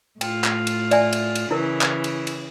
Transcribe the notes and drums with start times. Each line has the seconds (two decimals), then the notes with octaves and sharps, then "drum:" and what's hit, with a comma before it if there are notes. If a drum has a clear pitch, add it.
0.21 A2 F4 G5, drum: cymbal
0.44 drum: clap
0.67 drum: cymbal
0.91 D5 E5 G#5, drum: cymbal
1.13 drum: cymbal
1.35 drum: cymbal
1.51 C#3 E3 E4 A#4
1.81 drum: clap
2.04 drum: cymbal
2.27 drum: cymbal